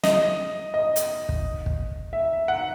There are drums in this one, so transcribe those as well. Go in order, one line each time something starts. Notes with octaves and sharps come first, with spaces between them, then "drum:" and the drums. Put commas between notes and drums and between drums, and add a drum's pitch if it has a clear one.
D#5, drum: snare
D#5
drum: hi-hat
drum: kick
drum: kick
E5
F#5